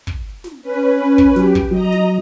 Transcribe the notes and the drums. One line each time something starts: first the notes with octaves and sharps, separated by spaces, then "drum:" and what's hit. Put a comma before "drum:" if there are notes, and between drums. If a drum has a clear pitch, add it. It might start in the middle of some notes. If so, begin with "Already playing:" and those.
drum: kick
drum: snare
C#4 B4
drum: kick
F#3 G4, drum: snare
drum: kick
F#3 D#5 A#5
drum: snare